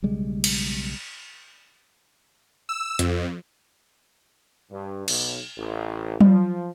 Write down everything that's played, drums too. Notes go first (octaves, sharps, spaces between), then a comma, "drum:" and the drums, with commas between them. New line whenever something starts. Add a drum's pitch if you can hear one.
B1 C#3 G3 G#3
drum: cymbal
E6
F2, drum: hi-hat
G2
B1, drum: cymbal
A1
F3, drum: tom F#3